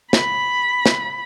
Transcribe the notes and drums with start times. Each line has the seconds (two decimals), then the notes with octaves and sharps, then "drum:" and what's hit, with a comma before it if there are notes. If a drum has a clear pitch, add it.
0.13 B5, drum: snare
0.86 drum: snare